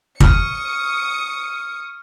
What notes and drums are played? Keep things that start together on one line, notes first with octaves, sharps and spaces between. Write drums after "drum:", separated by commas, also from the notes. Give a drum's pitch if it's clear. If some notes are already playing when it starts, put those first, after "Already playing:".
C#6 D#6 F6 C#7, drum: kick